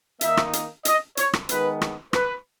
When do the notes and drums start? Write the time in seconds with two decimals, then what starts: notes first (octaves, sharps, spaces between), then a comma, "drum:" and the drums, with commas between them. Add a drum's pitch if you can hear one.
0.21 D#3 A#3 D#4 E5, drum: hi-hat
0.37 drum: rim click
0.53 drum: hi-hat
0.85 D#5, drum: hi-hat
1.17 C#5, drum: hi-hat
1.33 drum: rim click
1.49 D#3 G#3 B3 D#4 B4, drum: hi-hat
1.82 drum: rim click
2.13 B4, drum: rim click